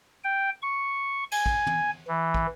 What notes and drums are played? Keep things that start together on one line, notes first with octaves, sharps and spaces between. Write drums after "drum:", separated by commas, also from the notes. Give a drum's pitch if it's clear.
G5
C#6
G#5, drum: cymbal
drum: kick
drum: tom
E3
drum: kick